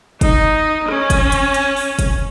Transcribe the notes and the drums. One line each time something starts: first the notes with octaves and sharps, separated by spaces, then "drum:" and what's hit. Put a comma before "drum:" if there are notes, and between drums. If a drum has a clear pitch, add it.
D#4, drum: kick, hi-hat
C#4, drum: rim click
drum: kick, hi-hat
drum: hi-hat
drum: hi-hat
drum: open hi-hat
drum: kick, hi-hat